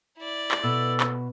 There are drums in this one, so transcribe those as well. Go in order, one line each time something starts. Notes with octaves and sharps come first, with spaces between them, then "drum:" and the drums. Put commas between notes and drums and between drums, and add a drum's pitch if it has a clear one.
E4 D5
drum: clap
B2 A4
drum: clap